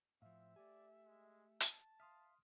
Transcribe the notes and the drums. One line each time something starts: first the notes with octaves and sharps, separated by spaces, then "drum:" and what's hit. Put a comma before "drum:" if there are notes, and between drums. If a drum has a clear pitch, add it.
A2 F3 C4 E5 F5
A3 G4 D5 G#5
G#3
A5, drum: hi-hat
E5 F5 C6 D#6 F6